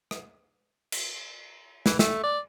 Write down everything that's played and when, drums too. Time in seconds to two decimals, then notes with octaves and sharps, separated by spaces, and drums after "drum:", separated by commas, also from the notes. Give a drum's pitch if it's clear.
0.11 drum: rim click
0.92 drum: cymbal
1.86 E3, drum: snare
1.99 A3, drum: snare
2.23 D5